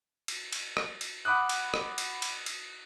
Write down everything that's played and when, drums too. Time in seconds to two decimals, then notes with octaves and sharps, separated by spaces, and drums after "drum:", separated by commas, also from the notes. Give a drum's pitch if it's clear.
0.28 drum: cymbal
0.52 drum: cymbal
0.77 drum: rim click
1.01 drum: cymbal
1.25 F#5 B5 D6 D#6 F#6
1.49 drum: cymbal
1.74 drum: rim click
1.98 drum: cymbal
2.22 drum: cymbal
2.46 drum: cymbal